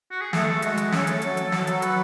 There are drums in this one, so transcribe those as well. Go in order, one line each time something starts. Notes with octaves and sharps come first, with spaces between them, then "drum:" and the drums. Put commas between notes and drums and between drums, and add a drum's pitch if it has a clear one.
F#4
G#4
A3 A4, drum: snare
A3
G#3 F#4, drum: hi-hat
drum: hi-hat
C#4 A4, drum: snare
A3, drum: hi-hat
F#3, drum: hi-hat
drum: hi-hat
F#3, drum: snare
F#3, drum: hi-hat
B4, drum: hi-hat